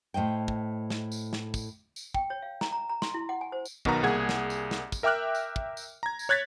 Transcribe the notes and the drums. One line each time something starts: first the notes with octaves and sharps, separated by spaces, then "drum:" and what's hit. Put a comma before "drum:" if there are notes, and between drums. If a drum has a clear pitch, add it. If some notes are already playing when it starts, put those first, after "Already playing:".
A2 C5 D#5 G5
drum: kick
drum: snare
drum: tambourine
drum: snare
drum: kick, tambourine
drum: tambourine
G5, drum: kick
C#5
F5
A#5, drum: snare
A#5
A#5
C6, drum: snare
E4
F#5
G#5
C5
drum: tambourine
B1 B2 D#3 B3 A#5, drum: kick
C2 A#3 G#4 F#5 G#6
drum: snare
drum: tambourine
drum: snare
drum: kick, tambourine
A#4 E5 G5 D6 F6 F#6
drum: tambourine
drum: kick
drum: tambourine
A#5 G#6
drum: tambourine
C#5 F#6 G#6 A6 B6